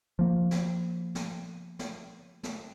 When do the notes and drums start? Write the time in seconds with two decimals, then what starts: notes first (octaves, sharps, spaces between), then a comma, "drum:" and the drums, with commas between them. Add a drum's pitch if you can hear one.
0.19 F3 A#3
0.51 drum: snare
1.15 drum: snare
1.79 drum: snare
2.43 drum: snare